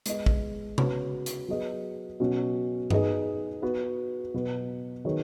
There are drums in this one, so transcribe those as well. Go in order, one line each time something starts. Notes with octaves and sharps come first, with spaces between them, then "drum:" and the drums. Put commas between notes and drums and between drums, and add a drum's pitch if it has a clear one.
G#3 B3 G#4 D#5, drum: hi-hat
drum: kick
C#3 B3 F#4 C#5, drum: tom C3
drum: hi-hat
F#3 B3 G#4 D#5
B2 F#3 C#4
B3 D#4 G#4 D#5, drum: tom G2
B3 F#4 B4
B2 F#3 B3
D#3 F#3 B3 G#4 C#5